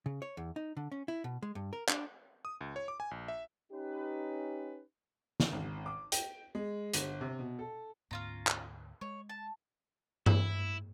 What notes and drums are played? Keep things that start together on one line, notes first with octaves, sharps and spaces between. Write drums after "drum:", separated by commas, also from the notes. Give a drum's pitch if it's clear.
C#3
C#5
E2
D#4
D3
C#4
E4
B2
G#3
G2
A#4
D4, drum: clap
D#6
C#2
C#5
D6
G#5
A#1
E5
C#4 D#4 G4 B4
drum: snare
G#1
D6
G5, drum: hi-hat
G#3
G1, drum: hi-hat
C3
B2
A4
D2 G#2 B3 C#4 F4 A#5
drum: clap
G#3 C#5
A5
E4, drum: tom G2